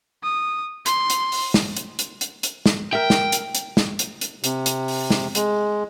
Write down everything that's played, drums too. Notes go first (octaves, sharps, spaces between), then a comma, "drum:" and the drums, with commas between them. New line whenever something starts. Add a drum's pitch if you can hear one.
D#6
C6, drum: hi-hat
drum: hi-hat
drum: open hi-hat
drum: snare
drum: hi-hat
drum: hi-hat
drum: hi-hat
drum: hi-hat
drum: snare
A#4 E5 G5
drum: snare
drum: hi-hat
drum: hi-hat
drum: snare
drum: hi-hat
drum: hi-hat
C3, drum: hi-hat
drum: hi-hat
drum: open hi-hat
drum: snare
G#3, drum: hi-hat